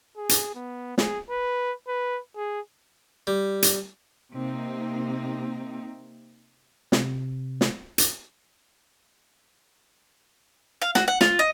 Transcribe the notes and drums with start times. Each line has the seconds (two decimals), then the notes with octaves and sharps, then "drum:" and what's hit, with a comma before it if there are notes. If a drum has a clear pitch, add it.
0.17 G#4
0.29 drum: hi-hat
0.55 B3
0.98 G#4, drum: snare
1.30 B4
1.88 B4
2.36 G#4
3.27 G3
3.62 drum: hi-hat
4.35 C3 A#3 C4 D#4
6.92 C3, drum: snare
7.61 drum: snare
7.98 drum: hi-hat
10.82 F5
10.95 F#4, drum: snare
11.08 F#5
11.21 F4, drum: snare
11.39 D#5